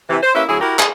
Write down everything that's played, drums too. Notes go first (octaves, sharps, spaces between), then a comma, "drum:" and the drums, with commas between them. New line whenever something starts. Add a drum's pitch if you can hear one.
C3 E3
C5
A#3 C#4 E4 G4 B4 E5
D2 F#3 E4 G#4
E4 F#4 G4 A#4
G#4, drum: clap